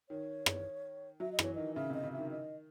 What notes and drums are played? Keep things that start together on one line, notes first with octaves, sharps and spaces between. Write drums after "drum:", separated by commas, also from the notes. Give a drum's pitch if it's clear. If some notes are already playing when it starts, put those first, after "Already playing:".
D#3 C#5
drum: rim click
F#3 E5
D#5
E3 C#5, drum: rim click
D#3 D#5
C#3 E5
C3 D#5
C#3
E5
D#3
D#5